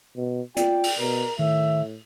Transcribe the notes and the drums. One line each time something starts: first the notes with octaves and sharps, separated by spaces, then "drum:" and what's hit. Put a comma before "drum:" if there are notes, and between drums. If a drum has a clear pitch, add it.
B2
F4 D5 G5, drum: hi-hat
drum: open hi-hat
B2 A#4
A2 D#3 E5